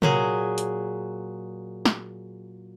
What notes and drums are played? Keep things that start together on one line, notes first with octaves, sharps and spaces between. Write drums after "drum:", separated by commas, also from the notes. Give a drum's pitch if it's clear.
A#2 F#3 G#4, drum: tom C3
drum: hi-hat
drum: snare